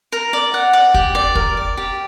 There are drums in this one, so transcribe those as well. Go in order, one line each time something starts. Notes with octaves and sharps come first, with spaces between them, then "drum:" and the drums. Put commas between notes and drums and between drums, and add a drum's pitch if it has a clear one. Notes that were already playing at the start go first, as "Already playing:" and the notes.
A#4
D5
F#5
D5
G4, drum: kick
D5
A#4, drum: kick
D5
G4